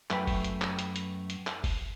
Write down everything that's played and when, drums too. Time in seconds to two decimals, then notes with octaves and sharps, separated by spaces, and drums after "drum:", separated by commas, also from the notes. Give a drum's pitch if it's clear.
0.10 F#2 A3 B4 G5, drum: clap
0.27 drum: kick F#1, open hi-hat
0.44 drum: hi-hat
0.62 drum: clap
0.79 drum: hi-hat
0.96 drum: hi-hat
1.30 drum: hi-hat
1.47 drum: clap
1.64 drum: kick F#1, open hi-hat